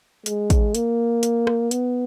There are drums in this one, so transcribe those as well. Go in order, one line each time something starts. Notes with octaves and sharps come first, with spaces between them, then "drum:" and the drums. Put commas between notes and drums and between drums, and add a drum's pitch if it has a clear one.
G#3, drum: hi-hat
drum: kick, hi-hat
A#3, drum: hi-hat
drum: hi-hat
drum: rim click
B3, drum: hi-hat